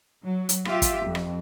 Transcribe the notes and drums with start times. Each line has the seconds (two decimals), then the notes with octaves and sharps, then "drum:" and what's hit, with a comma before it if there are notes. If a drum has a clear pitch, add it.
0.24 F#3
0.49 drum: hi-hat
0.65 F4 G4 E5, drum: rim click
0.82 drum: kick, hi-hat
1.05 F2
1.15 drum: rim click